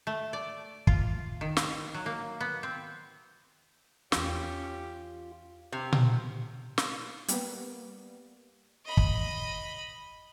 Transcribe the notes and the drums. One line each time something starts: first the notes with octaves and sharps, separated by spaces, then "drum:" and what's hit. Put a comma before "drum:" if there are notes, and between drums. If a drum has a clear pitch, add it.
A3
D5
F4, drum: kick
D#3
F5, drum: snare
F#3
A#3
B3
C4
E2 E3 C#4 F4 G4, drum: snare
C3
drum: tom A#2
drum: snare
G3 A#3 B3, drum: hi-hat
D#5 B5
drum: kick